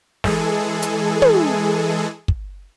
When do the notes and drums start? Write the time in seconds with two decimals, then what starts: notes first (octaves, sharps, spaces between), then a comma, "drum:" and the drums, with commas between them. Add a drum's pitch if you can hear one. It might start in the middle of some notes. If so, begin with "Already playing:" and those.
0.24 E3 G#3 G#4 A4, drum: snare
0.82 drum: hi-hat
1.22 drum: tom
2.28 drum: kick